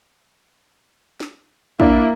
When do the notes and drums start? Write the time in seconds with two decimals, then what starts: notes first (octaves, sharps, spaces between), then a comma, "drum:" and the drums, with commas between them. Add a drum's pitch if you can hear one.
1.20 drum: snare
1.80 A#3 D4 E4, drum: kick